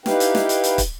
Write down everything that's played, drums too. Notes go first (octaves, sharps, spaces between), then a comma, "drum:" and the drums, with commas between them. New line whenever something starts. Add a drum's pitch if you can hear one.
D#4 E4 G4 B4 F5 G5, drum: snare
drum: hi-hat
drum: snare
drum: hi-hat
drum: hi-hat
drum: kick, hi-hat